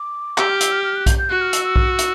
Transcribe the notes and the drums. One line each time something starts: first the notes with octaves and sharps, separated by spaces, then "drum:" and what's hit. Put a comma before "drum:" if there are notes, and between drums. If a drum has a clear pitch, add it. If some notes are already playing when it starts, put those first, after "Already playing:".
Already playing: D6
G4 E6, drum: clap
F6
E6, drum: hi-hat
F6
F6
F#6
G6, drum: kick B1, hi-hat
G6
F#4 F#6
F6
E6, drum: hi-hat
E6
drum: kick B1
drum: hi-hat